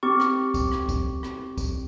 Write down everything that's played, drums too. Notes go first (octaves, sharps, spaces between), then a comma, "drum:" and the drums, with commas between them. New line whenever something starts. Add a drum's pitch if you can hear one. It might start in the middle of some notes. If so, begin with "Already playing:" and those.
C4 G4 C#6
drum: rim click
drum: kick, tambourine
drum: rim click
drum: kick, tambourine
drum: rim click
drum: kick, tambourine